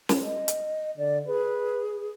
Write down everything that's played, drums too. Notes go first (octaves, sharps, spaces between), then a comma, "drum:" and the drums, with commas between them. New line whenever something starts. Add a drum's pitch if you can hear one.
drum: snare
D#5
drum: hi-hat
D3 D5
G#4 B4